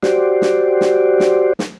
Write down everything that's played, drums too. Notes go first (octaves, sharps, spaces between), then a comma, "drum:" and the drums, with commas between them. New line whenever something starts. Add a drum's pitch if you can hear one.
F#4 G4 C5 D5, drum: snare
drum: snare
drum: snare
drum: snare
drum: snare